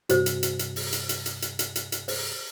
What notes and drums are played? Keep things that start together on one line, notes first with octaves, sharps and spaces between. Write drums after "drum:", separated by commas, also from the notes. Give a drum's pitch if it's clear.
G2 C3 F#4 C5, drum: hi-hat
drum: hi-hat
drum: hi-hat
drum: hi-hat
drum: open hi-hat
drum: hi-hat
drum: hi-hat
drum: hi-hat
drum: hi-hat
drum: hi-hat
drum: hi-hat
drum: hi-hat
C5, drum: open hi-hat